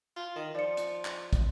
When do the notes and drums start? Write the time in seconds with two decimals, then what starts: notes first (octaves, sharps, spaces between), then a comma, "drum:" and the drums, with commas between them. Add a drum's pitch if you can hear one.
0.16 F4
0.36 D#3
0.55 F3 D5 C#7
0.77 drum: hi-hat
1.05 drum: clap
1.33 drum: kick, hi-hat